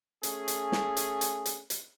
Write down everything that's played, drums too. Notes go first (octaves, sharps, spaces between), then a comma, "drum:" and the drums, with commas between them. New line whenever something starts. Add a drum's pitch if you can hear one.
A3 C#4 G#4, drum: hi-hat
drum: hi-hat
drum: snare
drum: hi-hat
drum: hi-hat
drum: hi-hat
drum: hi-hat